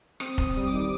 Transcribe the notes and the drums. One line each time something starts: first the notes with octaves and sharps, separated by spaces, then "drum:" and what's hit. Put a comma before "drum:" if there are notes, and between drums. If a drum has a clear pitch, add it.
C4 D#6, drum: rim click
C4, drum: kick F1
D#6
G3
D6
D#3